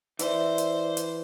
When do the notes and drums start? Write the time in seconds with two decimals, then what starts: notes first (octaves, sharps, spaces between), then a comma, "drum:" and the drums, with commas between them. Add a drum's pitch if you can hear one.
0.19 E3 C5 D5 E5, drum: hi-hat
0.58 drum: hi-hat
0.97 drum: hi-hat